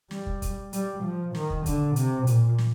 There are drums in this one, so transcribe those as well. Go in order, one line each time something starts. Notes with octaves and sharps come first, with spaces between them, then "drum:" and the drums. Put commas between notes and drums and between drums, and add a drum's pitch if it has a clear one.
G3, drum: snare
drum: kick
drum: kick, hi-hat
G3, drum: hi-hat
F3
D#3, drum: snare
drum: kick
D3, drum: kick, hi-hat
C3, drum: hi-hat
A#2, drum: hi-hat
drum: snare